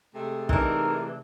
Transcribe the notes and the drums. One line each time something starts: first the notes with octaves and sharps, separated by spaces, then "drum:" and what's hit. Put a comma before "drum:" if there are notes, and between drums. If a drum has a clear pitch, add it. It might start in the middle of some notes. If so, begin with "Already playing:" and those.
C3 G#3 A3
E3 D4 D#4 A#4, drum: kick